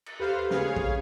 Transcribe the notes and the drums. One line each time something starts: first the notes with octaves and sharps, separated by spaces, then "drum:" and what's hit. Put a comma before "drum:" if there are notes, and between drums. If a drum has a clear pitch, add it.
drum: cymbal
D#2 G4 A4 B4 C5 F5
C#3 G#4 C#5 F5, drum: snare
drum: kick